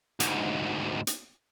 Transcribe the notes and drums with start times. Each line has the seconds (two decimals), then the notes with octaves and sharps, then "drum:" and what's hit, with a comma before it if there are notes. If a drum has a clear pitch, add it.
0.20 D2 G#2, drum: hi-hat
1.07 drum: hi-hat